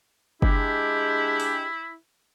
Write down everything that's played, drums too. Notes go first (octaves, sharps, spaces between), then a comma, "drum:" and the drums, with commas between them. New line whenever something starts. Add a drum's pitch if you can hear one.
G#3 D4 E4 G4, drum: kick F#1
drum: open hi-hat